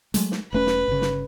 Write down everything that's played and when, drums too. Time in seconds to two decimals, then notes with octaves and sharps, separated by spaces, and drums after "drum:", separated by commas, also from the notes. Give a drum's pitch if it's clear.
0.14 F#3 G#3 A3, drum: hi-hat
0.32 drum: snare
0.52 E1 A3 C#4 B4
0.67 drum: snare
0.88 G1 C#3
1.02 drum: snare